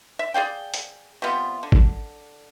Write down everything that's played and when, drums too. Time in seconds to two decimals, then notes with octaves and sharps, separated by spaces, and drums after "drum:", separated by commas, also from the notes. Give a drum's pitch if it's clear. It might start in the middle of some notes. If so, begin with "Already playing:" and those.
0.19 E5
0.34 G#4 D5 F5 G5
0.74 drum: hi-hat
1.22 C3 G3 B3 F4
1.63 D3
1.72 drum: kick G#1